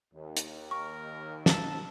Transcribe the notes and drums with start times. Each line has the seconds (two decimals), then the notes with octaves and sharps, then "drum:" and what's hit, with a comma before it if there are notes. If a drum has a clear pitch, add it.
0.13 D#2
0.37 drum: hi-hat
0.71 A#4 C#6
1.46 A5 E6, drum: snare